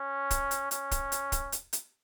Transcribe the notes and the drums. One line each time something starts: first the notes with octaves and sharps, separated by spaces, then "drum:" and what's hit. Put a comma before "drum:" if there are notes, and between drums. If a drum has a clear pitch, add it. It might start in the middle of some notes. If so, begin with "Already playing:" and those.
Already playing: C#4
drum: kick, hi-hat
drum: hi-hat
C#4, drum: hi-hat
drum: kick, hi-hat
drum: hi-hat
drum: kick, hi-hat
drum: hi-hat
drum: hi-hat